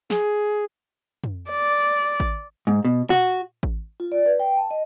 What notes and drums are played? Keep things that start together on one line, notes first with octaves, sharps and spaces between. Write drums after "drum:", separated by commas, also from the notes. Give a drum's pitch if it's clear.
G#4, drum: snare
drum: tom
D5
drum: kick A1
G#2, drum: tom G#3
B2
F#4, drum: tom A#2
drum: kick A1
F4
D5
B4
G5
A5
D#5